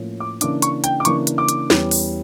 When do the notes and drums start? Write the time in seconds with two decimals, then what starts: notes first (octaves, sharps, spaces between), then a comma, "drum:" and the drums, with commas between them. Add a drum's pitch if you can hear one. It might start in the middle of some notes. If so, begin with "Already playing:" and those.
Already playing: A2 F3 A#3 C#4
0.20 D6
0.41 C#3 E3 A#3 D4 D6, drum: hi-hat
0.62 C#6, drum: hi-hat
0.84 G5, drum: hi-hat
1.00 D6
1.05 C#3 E3 A#3 D4 C#6, drum: hi-hat
1.27 drum: hi-hat
1.38 D6
1.49 drum: hi-hat
1.70 E2 E3 G3 C#4, drum: snare
1.91 drum: open hi-hat